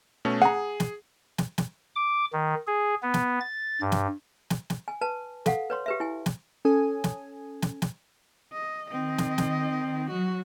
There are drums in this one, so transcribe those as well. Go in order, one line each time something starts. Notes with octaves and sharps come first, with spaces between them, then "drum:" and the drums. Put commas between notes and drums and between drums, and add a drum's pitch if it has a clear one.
B2 A3 C#4
G#4 F#5 A#5
drum: snare
drum: snare
drum: snare
D6
D#3
G#4
B3
drum: snare
A6
G2
drum: snare
drum: snare
drum: snare
G#5
B4 A5
A4 F5 F#5, drum: snare
B4 C#5 C6
G4 B4 E5
E4 G#5
drum: snare
C#4 A4 G#5 D#6
drum: snare
drum: snare
drum: snare
D#5
D#3 C4 D#5
drum: snare
drum: snare
F#3 F#4